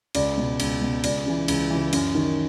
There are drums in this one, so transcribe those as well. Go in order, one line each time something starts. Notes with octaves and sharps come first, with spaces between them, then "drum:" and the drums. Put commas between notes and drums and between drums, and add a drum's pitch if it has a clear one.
C#2 D5, drum: cymbal
B2
C#2, drum: cymbal
B2
C#2 D5, drum: cymbal
C#3 E3
C#2, drum: cymbal
C#3 E3
F#2, drum: cymbal
D#3